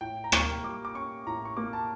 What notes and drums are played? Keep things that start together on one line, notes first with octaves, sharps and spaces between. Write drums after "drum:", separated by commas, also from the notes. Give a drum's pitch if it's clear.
A2 G5
A#5
A#3 C#6, drum: rim click
G3 D6
D6
C#4 C#6
A2 A#5
C#6
A#3 D6
A5